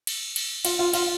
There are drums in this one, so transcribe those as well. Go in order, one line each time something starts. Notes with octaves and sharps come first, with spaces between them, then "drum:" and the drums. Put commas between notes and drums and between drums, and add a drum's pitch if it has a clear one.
drum: cymbal
drum: cymbal
F4, drum: cymbal
F4
F4, drum: cymbal